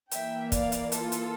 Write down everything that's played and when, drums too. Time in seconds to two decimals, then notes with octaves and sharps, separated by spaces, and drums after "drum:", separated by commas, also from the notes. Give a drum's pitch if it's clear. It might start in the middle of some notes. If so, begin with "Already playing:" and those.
0.12 E3 A#3 E5 G5, drum: hi-hat
0.52 D5 F5, drum: kick, hi-hat
0.72 drum: hi-hat
0.92 F4 A4, drum: hi-hat
1.12 drum: hi-hat